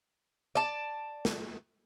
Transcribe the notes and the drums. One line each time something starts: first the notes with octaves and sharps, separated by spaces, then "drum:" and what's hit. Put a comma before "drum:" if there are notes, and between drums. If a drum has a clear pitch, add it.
D5 A5
drum: snare